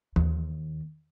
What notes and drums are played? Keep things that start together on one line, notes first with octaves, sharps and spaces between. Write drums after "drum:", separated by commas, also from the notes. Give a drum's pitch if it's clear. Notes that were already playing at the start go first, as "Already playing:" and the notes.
D#2, drum: tom E3